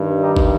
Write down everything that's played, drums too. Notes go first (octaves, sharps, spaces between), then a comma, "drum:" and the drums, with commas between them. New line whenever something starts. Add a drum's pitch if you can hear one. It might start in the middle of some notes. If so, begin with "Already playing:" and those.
Already playing: G2 D#3
D#4 G4
drum: kick